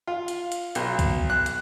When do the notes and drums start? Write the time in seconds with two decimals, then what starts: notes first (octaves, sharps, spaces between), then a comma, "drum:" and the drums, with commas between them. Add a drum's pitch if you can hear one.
0.07 F4
0.28 drum: hi-hat
0.52 drum: hi-hat
0.75 B1, drum: hi-hat
0.99 drum: kick C2, hi-hat
1.30 F#6
1.46 drum: hi-hat